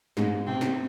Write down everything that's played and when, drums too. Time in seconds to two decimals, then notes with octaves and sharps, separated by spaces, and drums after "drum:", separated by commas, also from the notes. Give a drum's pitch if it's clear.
0.17 G#2 G#3, drum: snare
0.47 C3 C4
0.61 drum: snare